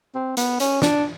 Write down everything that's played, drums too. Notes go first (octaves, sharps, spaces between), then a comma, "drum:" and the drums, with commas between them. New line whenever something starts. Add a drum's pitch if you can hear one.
C4
B3, drum: hi-hat
C#4, drum: hi-hat
D4, drum: snare